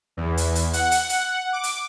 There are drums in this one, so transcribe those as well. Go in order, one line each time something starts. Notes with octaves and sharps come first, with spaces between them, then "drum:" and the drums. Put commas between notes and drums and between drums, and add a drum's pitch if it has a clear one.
E2
drum: hi-hat
drum: hi-hat
F#5, drum: hi-hat
drum: hi-hat
drum: hi-hat
D6
drum: hi-hat